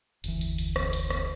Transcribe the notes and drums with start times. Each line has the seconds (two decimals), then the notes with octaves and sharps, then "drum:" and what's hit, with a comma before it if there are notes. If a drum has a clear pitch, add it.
0.24 F1 D2 E3, drum: hi-hat
0.41 drum: hi-hat
0.59 drum: hi-hat
0.76 drum: rim click
0.93 drum: hi-hat
1.10 drum: rim click